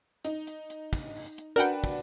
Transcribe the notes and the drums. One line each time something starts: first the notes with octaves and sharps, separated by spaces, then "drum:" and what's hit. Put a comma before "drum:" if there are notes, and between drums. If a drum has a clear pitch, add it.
D#4, drum: hi-hat
drum: hi-hat
drum: hi-hat
drum: kick, hi-hat
drum: open hi-hat
drum: hi-hat
D4 F#4 A#4 B4 F#5 G5
drum: kick, open hi-hat